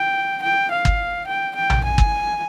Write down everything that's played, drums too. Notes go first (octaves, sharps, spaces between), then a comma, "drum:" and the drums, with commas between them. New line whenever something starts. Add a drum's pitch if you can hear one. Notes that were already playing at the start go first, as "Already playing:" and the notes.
Already playing: G5
G5
F5
drum: kick
G5
G5
drum: tom A#1
G#5
drum: kick